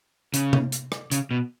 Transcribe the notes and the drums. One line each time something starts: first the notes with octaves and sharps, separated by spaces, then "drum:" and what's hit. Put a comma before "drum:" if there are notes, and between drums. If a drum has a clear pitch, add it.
C#3, drum: hi-hat
drum: tom C3
drum: hi-hat
drum: rim click
C#3, drum: hi-hat
B2